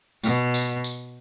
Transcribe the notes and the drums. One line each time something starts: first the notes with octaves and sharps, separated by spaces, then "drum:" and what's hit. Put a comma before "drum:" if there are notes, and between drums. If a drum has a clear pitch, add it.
B2, drum: tambourine
drum: tambourine
drum: tambourine